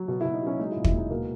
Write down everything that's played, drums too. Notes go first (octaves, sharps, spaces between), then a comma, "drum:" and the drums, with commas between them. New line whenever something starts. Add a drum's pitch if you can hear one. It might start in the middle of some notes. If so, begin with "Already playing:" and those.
Already playing: F#3
B2 F#4
B2 E4
D#4
F#3 C#4
G#3 D#4
E4
A#2
E4, drum: kick
G#3 D#4
B2 A#3